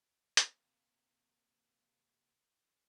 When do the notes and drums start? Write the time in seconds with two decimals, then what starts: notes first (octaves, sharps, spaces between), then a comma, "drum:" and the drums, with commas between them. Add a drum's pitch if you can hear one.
0.37 C3 A#3, drum: hi-hat